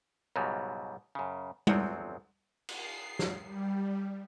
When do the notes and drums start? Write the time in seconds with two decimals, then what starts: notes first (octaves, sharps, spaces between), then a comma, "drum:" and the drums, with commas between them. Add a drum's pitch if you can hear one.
0.36 C#2 G#2 B2 F#3 G3
1.15 F#2 C#3
1.67 G1 E2 F3 F#3 C4, drum: tom G3
2.69 C7, drum: cymbal
3.19 drum: snare
3.44 G3